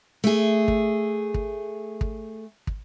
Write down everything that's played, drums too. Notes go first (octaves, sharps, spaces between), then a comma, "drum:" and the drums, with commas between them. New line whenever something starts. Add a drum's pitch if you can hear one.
A3 G#4
drum: kick
drum: kick
drum: kick
drum: kick